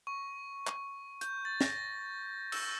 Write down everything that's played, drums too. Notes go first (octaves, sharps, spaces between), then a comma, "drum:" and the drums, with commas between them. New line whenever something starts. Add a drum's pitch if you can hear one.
C#6
drum: clap
G6, drum: hi-hat
A6
A#6, drum: snare
E6, drum: cymbal